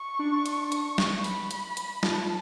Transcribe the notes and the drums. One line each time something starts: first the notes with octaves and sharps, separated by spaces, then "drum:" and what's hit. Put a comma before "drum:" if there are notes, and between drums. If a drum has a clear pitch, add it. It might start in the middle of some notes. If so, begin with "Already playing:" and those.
Already playing: C#6
D4
drum: hi-hat
drum: hi-hat
drum: snare
B5, drum: open hi-hat
drum: hi-hat
drum: hi-hat
F4 A5, drum: snare
F4